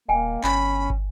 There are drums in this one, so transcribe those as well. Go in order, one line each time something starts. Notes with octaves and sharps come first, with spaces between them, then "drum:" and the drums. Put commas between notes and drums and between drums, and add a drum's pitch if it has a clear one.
D#1 A#3 D#5 G5 G#5
G1 C#4 B5, drum: clap
drum: kick